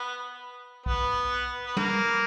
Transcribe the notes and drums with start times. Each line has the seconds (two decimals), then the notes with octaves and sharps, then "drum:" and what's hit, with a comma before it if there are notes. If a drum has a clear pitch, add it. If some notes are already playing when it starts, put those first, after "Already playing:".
Already playing: B3
0.86 B3, drum: kick B1
1.67 B3
1.77 A#3, drum: tom